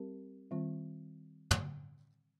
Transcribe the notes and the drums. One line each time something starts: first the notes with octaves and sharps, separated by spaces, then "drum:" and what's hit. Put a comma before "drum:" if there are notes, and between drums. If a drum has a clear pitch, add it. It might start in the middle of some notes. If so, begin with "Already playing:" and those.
Already playing: G3 C4 G4 A#4
D#3 G3 C4 F4
drum: tom